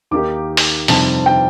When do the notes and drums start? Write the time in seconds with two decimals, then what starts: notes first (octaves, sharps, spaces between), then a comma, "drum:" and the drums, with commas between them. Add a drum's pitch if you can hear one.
0.11 D#2 D#3 A#3 D#4 G4 D6
0.57 drum: open hi-hat
0.88 F2 C3 G3 C4 D#4 A5, drum: open hi-hat
1.26 G5